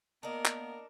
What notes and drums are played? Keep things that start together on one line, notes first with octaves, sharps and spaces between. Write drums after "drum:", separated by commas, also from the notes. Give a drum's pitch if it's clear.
A#3 B3 D4 D#4 A#4
drum: clap